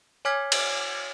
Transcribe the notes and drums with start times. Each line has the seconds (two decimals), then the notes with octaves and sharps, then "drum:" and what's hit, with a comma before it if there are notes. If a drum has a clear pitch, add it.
0.25 C#5 G#5 D6 F6 G#6 B6
0.52 drum: cymbal